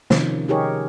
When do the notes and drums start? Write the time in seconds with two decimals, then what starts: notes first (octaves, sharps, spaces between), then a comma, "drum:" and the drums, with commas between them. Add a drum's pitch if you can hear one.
0.10 C3 D#3 F3 C#4, drum: snare
0.49 D#4 G4 G#4 A#4 C#5